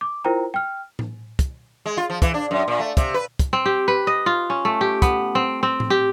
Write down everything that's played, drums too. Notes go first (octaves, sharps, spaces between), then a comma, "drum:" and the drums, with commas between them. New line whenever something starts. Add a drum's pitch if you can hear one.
D6
E4 F4 A#4 C5 G5 A#5
G5 F6
drum: tom A2
drum: kick, hi-hat
G#3
F4
F3
E3, drum: kick, hi-hat
D4
F#2
A#2
A3
C3, drum: kick, hi-hat
B4
drum: kick, hi-hat
C4
G4
B4
D#5
F4
C#4
A3
G4
B3, drum: kick, hi-hat
C4
C4
drum: tom A2
G4